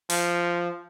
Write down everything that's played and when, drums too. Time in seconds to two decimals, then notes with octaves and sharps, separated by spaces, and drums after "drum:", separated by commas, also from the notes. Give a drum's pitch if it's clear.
0.10 F3, drum: open hi-hat